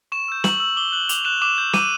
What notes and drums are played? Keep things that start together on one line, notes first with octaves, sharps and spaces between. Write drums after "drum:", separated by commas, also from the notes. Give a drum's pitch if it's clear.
C#6 E7
E6 G6
C#6 F#7, drum: snare
E6 G6 F#7
D6 G7
F#6 F#7
D6 F7, drum: hi-hat
F#6 E7
D6 E7
G6
D6 D#7, drum: snare